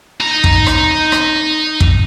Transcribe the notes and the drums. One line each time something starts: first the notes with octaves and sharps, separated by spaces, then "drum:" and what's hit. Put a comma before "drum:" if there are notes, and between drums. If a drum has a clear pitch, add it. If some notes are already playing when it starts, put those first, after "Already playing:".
D#4 A#5
drum: kick
drum: rim click
drum: rim click
drum: kick